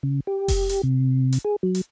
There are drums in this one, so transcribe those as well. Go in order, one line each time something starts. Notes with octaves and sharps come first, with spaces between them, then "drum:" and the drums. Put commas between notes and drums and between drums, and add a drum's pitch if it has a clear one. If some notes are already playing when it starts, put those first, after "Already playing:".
C#3
G4
drum: kick F1, open hi-hat
drum: hi-hat
C3
drum: hi-hat
G#4
F#3
drum: hi-hat